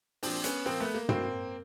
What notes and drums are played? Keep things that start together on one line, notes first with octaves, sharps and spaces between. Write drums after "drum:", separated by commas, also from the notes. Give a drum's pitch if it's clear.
A#2 F3 C4 D4, drum: open hi-hat
B3 C#4, drum: hi-hat
A#2 F3 A#3 C4
A3 B3
A#3
A2 F#3 A#3 C4, drum: tom